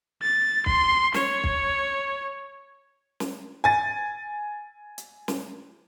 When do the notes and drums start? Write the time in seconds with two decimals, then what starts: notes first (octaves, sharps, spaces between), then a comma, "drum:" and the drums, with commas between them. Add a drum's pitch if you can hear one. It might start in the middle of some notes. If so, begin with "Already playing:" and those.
0.22 A6
0.66 C6, drum: kick
1.14 C#5, drum: snare
1.44 drum: kick
3.20 drum: snare
3.64 G#5 A6
4.98 drum: hi-hat
5.28 drum: snare